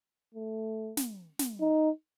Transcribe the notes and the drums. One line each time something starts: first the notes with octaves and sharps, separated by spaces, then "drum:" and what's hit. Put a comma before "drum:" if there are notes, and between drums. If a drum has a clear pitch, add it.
A3
drum: snare
drum: snare
D#4